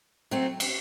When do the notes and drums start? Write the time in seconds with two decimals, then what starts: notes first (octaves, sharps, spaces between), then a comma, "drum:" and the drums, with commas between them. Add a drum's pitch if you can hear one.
0.31 F#3 A3 C4 F#4
0.60 drum: cymbal